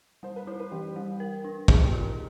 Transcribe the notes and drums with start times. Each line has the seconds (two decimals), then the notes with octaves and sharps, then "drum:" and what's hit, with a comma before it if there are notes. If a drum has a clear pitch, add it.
0.23 G3 C5
0.36 B4
0.47 E4 C5
0.60 B4
0.71 E3 G4
0.96 G3
1.20 A#4
1.45 D4
1.68 G#4 D#5, drum: kick
1.85 G4
1.93 F4
2.01 A#4